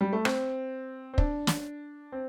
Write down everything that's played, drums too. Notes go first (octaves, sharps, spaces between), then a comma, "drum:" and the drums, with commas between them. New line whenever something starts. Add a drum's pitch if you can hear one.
G3
A3
C4, drum: rim click
C4
D4, drum: kick
drum: snare
C4